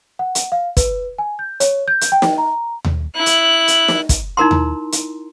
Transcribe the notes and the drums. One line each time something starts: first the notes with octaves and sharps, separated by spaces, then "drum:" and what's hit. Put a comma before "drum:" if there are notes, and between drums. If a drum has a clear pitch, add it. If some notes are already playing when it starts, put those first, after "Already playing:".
F#5
drum: hi-hat
F5
B4, drum: kick, hi-hat
G#5
G6
C#5, drum: hi-hat
G6
drum: hi-hat
G5
drum: snare
A#5
drum: tom D#2
E4 F#6
drum: hi-hat
drum: hi-hat
drum: snare
drum: kick, hi-hat
D#4 E4 A#4 A#5 C6
drum: tom D#2
drum: hi-hat